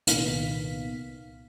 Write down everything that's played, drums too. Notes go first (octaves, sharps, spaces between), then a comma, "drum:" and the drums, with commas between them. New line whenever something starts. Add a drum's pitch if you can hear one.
C2 A#2 D#3 B3 F5 B6, drum: hi-hat